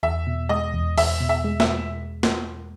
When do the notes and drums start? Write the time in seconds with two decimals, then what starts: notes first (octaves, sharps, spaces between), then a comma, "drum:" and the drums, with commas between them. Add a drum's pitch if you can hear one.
0.03 E2 E5
0.27 B2
0.49 G#3 D#5
0.74 E2
0.98 E2 E5, drum: open hi-hat
1.20 B2
1.29 E5
1.44 G#3
1.60 E5, drum: snare
2.23 drum: snare